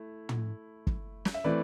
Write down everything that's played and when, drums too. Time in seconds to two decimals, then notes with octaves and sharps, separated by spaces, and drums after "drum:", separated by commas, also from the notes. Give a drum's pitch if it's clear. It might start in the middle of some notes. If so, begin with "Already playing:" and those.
Already playing: A3 E4
0.29 drum: tom
0.87 drum: kick
1.25 drum: snare
1.34 E5
1.44 E3 A3 C4 E4 B4 D5